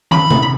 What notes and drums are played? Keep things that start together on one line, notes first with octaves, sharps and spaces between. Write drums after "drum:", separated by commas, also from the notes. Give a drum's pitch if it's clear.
B5, drum: tom
drum: tom C3